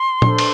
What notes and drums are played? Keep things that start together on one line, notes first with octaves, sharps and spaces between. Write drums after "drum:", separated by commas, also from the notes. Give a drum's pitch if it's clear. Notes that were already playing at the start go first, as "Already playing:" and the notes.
Already playing: C6
D4 A4 C5, drum: tom
drum: cymbal